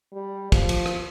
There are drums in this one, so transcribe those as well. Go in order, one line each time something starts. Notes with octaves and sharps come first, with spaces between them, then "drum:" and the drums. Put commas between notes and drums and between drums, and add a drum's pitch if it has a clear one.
G3
F3, drum: kick, cymbal
drum: cymbal
drum: rim click